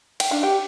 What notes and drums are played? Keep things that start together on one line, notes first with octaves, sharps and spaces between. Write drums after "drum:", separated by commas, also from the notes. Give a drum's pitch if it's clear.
G5, drum: cymbal
D4 F5
G4 G5